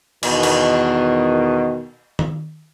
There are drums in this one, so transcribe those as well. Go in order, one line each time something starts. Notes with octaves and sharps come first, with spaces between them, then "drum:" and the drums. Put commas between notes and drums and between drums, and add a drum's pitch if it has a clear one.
E2 B2 D#3, drum: cymbal
drum: cymbal
drum: tom D#3